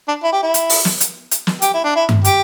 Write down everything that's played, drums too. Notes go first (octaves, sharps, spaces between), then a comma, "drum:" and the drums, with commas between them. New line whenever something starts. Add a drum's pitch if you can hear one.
D4
E4
G4
E4
drum: hi-hat
drum: open hi-hat
drum: snare
drum: hi-hat
drum: hi-hat
drum: snare
G4, drum: hi-hat
E4
D4
E4
drum: tom G2
G4, drum: hi-hat